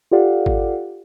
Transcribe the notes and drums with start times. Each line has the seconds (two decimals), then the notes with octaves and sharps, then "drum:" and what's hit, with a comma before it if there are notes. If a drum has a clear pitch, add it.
0.11 F4 G4 A4 D5 F5 F#5
0.46 drum: kick G#1